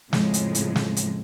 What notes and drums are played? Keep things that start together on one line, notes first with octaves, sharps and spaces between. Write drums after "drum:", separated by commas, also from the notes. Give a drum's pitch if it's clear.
F2 A2 C#3 F3 G#3, drum: snare
drum: hi-hat
drum: hi-hat
drum: snare
drum: hi-hat